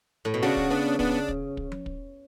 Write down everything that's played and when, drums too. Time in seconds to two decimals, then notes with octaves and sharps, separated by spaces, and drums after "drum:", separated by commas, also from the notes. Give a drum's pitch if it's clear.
0.25 A2
0.34 B2
0.42 C#3 D4 F#4
0.57 drum: kick
0.70 B3 D4
0.99 B3 D4, drum: kick
1.28 drum: kick
1.57 drum: kick
1.72 drum: tom F3
1.86 drum: kick